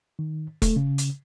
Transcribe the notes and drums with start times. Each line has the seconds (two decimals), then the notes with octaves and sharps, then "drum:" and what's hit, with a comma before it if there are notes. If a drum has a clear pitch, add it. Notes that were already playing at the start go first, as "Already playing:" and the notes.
0.19 D#3
0.62 A3, drum: kick E1, hi-hat
0.76 C#3
0.98 drum: hi-hat